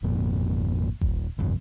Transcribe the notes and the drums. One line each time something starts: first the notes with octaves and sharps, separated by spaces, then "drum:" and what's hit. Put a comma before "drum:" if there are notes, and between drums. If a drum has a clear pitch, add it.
G#1 F2 A#2
D#1, drum: kick G#1
G1 C2 F2